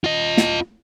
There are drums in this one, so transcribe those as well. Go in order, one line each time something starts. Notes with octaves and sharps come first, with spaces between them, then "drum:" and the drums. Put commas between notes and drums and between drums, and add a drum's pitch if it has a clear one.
F4 D#5
drum: snare